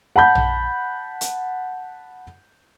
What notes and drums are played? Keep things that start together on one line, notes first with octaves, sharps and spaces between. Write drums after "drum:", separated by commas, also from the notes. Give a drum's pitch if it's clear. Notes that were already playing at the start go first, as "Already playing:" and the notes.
F#5 A5 B5 G6
drum: tom A#1
drum: hi-hat